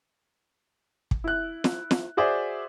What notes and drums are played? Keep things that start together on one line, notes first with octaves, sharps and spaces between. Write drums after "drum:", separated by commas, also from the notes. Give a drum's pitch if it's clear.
drum: kick
E4 F#6
drum: snare
drum: snare
F#4 G#4 C5 D5 E5